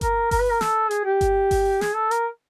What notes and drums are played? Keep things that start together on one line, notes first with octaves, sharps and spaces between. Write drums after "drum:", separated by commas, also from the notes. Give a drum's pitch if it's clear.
A#4, drum: kick G1, hi-hat
A#4, drum: kick G1, open hi-hat
B4
A#4
A4, drum: snare
G#4, drum: hi-hat
G4
drum: kick G1, hi-hat
drum: kick G1, open hi-hat
G#4, drum: snare
A4
A#4, drum: hi-hat